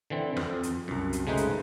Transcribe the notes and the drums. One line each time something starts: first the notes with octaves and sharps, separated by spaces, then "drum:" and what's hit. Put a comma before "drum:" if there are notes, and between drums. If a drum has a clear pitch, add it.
D3 E3 C4
F2, drum: rim click
drum: hi-hat
C2 F#2
drum: hi-hat
C#3 G#3 A3 D#4 B4 C5
drum: hi-hat